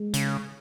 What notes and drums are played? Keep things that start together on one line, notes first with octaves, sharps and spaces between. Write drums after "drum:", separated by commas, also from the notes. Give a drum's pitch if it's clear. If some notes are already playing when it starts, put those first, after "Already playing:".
Already playing: G#3
C#3, drum: hi-hat